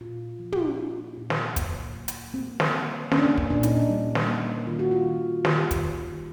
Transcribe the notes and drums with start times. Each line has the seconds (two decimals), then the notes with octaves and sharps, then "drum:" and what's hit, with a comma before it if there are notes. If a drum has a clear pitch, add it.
0.01 A#2 F4
0.39 F3
0.52 drum: tom
0.78 A#3
1.17 A#2
1.30 drum: snare
1.56 A#3, drum: kick, hi-hat
1.95 F#3
2.08 drum: hi-hat
2.34 A#3 C4
2.60 drum: snare
2.73 A#3
3.11 A#3 C#4, drum: snare
3.18 D4
3.25 C#4
3.37 drum: kick
3.50 A#2 D4
3.63 D#4, drum: hi-hat
3.77 D4
3.90 G3
4.15 drum: snare
4.28 A#3
4.67 D#3 F4
4.79 F#4
4.91 F4
5.06 D#3
5.45 D#3 G4, drum: snare
5.71 drum: kick, hi-hat
5.84 G3